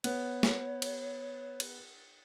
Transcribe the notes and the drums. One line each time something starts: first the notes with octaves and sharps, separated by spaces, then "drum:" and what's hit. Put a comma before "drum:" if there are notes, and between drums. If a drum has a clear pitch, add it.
B3 C#5, drum: cymbal
drum: snare
drum: cymbal
drum: cymbal